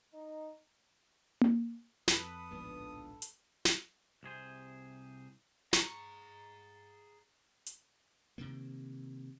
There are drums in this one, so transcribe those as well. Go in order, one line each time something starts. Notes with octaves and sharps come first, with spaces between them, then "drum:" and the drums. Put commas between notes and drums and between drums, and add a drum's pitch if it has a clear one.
D#4
drum: tom A#3
F2 A4 B4 D#6, drum: snare
D1 A#1 G#2 F3 B3 D4
drum: hi-hat
drum: snare
C2 C3 G#4 C5
G#4 A#5 C#6, drum: snare
drum: hi-hat
C3 D#3 A#3